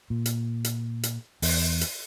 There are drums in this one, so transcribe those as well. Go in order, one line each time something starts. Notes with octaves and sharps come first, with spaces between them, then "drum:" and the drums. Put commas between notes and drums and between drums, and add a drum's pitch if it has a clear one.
A#2
drum: hi-hat
drum: hi-hat
drum: hi-hat
E2, drum: open hi-hat
drum: hi-hat